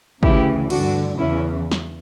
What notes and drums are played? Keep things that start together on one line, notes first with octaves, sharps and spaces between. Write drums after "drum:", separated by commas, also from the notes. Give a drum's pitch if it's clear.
D2 C#3 E3 E4 G4, drum: kick
G2 D3 D4 F#4, drum: cymbal
E2 C#3 E3 C#4 E4
drum: snare